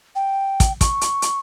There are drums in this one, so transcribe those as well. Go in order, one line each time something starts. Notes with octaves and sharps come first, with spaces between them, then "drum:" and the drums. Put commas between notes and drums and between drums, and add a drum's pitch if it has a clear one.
G5
drum: kick, hi-hat
C#6, drum: kick, hi-hat
drum: hi-hat
drum: hi-hat